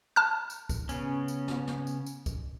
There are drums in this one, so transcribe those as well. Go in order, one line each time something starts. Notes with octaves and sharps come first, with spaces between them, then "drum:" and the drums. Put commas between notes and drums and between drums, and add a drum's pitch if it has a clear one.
A5 F6 F#6
drum: tambourine
drum: kick, tambourine
C#3 B3 C#4, drum: tambourine
drum: tambourine
drum: snare
drum: snare
drum: tambourine
drum: tambourine
drum: kick, tambourine